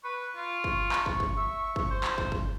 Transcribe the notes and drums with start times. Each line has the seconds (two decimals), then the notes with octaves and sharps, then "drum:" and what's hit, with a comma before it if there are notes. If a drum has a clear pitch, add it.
0.04 B4 C#6
0.36 F4
0.64 drum: kick
0.92 drum: clap
1.06 drum: kick
1.20 drum: kick
1.37 E5
1.76 drum: kick
1.91 C5
2.04 drum: clap
2.18 drum: kick
2.32 drum: kick